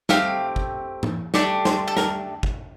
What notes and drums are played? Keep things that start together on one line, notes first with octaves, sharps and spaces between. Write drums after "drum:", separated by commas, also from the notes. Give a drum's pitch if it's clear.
A3 C4 G4 F5, drum: snare
drum: kick
drum: tom
A3 D4 G4 D5, drum: snare
C5, drum: snare
A4
A#4, drum: snare
drum: kick